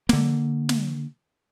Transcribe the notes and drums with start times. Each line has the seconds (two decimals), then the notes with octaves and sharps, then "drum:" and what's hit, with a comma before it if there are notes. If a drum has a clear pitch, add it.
0.09 D3 A#3, drum: snare
0.69 drum: snare